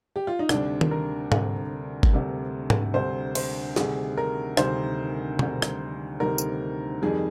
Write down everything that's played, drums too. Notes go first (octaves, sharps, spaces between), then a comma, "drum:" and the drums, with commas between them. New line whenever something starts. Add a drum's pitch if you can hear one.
G4
F4
D#4
D2 C3 G3 D4, drum: rim click
drum: tom D#3
A#4
D2 C3 G3, drum: tom G#2
drum: kick G1
D2 C3 G3
drum: tom G#2
D2 C3 G3 C5
C5, drum: cymbal
D2 C3 D#3 G3 G#4, drum: snare
A#4
D2 C3 D#3 G3 C5, drum: rim click
D2 C3 D#3 G3, drum: tom B2
drum: rim click
D2 C3 D#3 G3 A#4
drum: tambourine
F2 D#3 G3 G#4